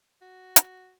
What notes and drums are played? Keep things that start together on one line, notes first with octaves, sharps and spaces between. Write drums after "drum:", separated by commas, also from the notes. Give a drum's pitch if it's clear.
F#4
drum: hi-hat